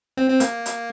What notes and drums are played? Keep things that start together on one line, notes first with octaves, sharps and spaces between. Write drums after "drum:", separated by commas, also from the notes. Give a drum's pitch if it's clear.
C4
C4
A#3, drum: hi-hat
drum: hi-hat